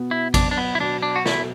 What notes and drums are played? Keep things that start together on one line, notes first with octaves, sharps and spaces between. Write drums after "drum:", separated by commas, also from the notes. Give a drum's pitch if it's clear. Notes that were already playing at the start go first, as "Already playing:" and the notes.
Already playing: B2 B3
E4
F#3 D4, drum: kick A1, cymbal
D4
B3
E4
B2 D4
D4
F#4
B2 E4, drum: snare